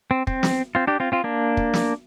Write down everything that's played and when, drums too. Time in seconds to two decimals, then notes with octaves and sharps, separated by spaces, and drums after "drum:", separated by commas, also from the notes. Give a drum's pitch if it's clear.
0.11 C4
0.27 C4, drum: kick
0.43 drum: snare
0.75 C4 F4
0.87 D4 G4
1.00 C4 F4
1.12 C4 F4
1.24 A#3 D4
1.57 drum: kick
1.73 drum: snare